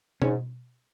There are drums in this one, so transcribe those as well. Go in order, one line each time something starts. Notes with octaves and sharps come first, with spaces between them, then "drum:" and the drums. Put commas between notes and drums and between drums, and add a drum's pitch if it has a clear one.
G#2 C#4, drum: tom B2